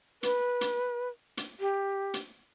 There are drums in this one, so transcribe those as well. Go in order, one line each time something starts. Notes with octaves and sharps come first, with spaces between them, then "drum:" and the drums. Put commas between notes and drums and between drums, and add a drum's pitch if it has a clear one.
B4, drum: hi-hat
drum: hi-hat
drum: hi-hat
G4
drum: hi-hat